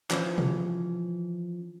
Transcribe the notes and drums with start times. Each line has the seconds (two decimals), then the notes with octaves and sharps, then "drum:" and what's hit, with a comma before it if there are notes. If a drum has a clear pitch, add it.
0.10 E3 F3 C#4, drum: clap
0.38 drum: tom B2